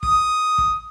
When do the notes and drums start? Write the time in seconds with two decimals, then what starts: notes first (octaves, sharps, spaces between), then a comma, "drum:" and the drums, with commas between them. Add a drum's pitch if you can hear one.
0.03 D#6, drum: kick
0.58 drum: kick